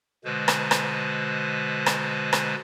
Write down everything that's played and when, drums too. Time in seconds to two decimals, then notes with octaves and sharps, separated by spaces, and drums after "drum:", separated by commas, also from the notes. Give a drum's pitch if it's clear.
0.25 B2 D3 G#3 B4 C5
0.48 drum: rim click
0.71 drum: rim click
1.86 drum: rim click
2.33 drum: rim click